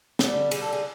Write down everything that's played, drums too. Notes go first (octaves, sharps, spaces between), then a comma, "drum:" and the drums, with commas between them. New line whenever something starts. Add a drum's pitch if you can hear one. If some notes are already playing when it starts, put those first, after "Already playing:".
D3 G3, drum: snare
D3 G3 G#4, drum: cymbal
A4
G#4